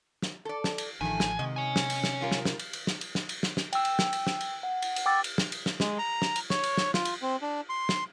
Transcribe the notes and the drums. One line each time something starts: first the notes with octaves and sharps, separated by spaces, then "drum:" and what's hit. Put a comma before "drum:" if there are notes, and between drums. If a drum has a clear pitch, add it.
drum: snare
A4 D5
drum: snare
drum: cymbal
A1 D#3 F3 A3 G#5
drum: snare
G#2 C3 D#3 D#5
C#5 G#5
drum: snare
drum: cymbal
drum: snare
G3 F4 A#4
drum: snare
drum: snare
drum: cymbal
drum: cymbal
drum: snare
drum: cymbal
drum: snare
drum: cymbal
drum: snare
drum: snare
G5 E6, drum: cymbal
drum: cymbal
drum: snare
drum: cymbal
drum: snare
drum: cymbal
F#5
drum: cymbal
drum: cymbal
G5 D6 E6 A6
drum: cymbal
drum: snare
drum: cymbal
drum: snare
G#3, drum: snare
A#5
drum: snare
drum: cymbal
C#5, drum: snare
drum: cymbal
drum: snare
F4, drum: snare
drum: cymbal
C4
D4
C6
drum: snare